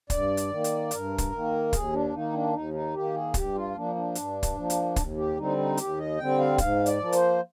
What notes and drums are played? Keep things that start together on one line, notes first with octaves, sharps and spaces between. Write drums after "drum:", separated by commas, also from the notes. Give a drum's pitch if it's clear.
G2 D5, drum: kick, hi-hat
drum: hi-hat
D#3 A#3
drum: hi-hat
G2 A#4, drum: hi-hat
drum: kick, hi-hat
D#3 A#3
D#2 G#4, drum: kick, hi-hat
D4
D#3 A#3 D#4
D4
D#2 D#4
D#4
D#3 A#3 G4
G#4
G2 G4, drum: kick, hi-hat
F4
F3 A#3 D4
D4
G2, drum: hi-hat
drum: kick, hi-hat
F3 A#3
drum: hi-hat
D#2, drum: kick, hi-hat
G4
D3 G3 C4 D#4
D#4
D#2 G4, drum: hi-hat
D#5
D3 G3 C4 G5
F5
G#2 F5, drum: kick, hi-hat
D5, drum: hi-hat
F3 A#3
C5, drum: hi-hat